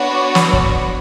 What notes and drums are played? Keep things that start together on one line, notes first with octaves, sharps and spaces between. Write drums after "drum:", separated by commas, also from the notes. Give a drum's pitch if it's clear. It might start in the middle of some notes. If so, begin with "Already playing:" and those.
Already playing: B3 D4 F#4 C#5
drum: snare
drum: kick